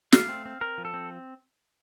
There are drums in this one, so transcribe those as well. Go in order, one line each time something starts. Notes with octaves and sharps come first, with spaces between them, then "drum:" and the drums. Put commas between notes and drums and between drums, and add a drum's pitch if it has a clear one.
A3 F5, drum: snare
C4
C4
C4 A#4
F3
A4
C4